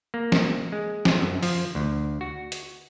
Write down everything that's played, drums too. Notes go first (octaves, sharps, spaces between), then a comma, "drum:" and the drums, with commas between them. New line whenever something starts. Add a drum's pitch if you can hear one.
A#3
drum: snare
G#3
drum: snare
F#2
F3, drum: open hi-hat
D2
F#4
drum: hi-hat